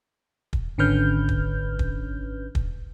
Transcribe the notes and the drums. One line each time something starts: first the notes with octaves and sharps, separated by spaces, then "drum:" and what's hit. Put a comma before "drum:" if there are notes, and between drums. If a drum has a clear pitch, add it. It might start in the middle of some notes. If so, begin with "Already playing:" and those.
drum: kick
G#1 D3 C#4 B4 F6 G6
drum: kick
drum: kick
drum: kick